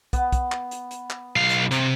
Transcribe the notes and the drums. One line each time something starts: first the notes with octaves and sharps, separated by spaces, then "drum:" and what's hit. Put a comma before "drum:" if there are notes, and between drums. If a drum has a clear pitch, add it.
B3, drum: kick, hi-hat
drum: kick, hi-hat
drum: clap
drum: hi-hat
drum: hi-hat
drum: clap
B1 F5
drum: hi-hat
C3, drum: hi-hat